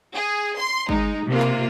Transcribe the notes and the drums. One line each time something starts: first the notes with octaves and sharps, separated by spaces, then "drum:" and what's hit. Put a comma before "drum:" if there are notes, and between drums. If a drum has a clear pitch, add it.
G#4
C6
G#3 D#4, drum: kick G1
C3 A#3 F4
drum: clap